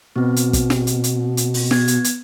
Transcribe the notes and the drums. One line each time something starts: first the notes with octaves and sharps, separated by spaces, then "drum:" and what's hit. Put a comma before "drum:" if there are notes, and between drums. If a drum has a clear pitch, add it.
B2 B3 C4
drum: hi-hat
drum: kick, hi-hat
drum: snare
drum: hi-hat
drum: hi-hat
drum: hi-hat
drum: open hi-hat
B3 G#6, drum: snare
drum: hi-hat
drum: hi-hat